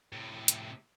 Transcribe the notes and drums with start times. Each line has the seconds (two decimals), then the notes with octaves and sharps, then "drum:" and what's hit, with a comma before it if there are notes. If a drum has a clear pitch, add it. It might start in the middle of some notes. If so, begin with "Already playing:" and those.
0.12 A2 C3
0.48 drum: hi-hat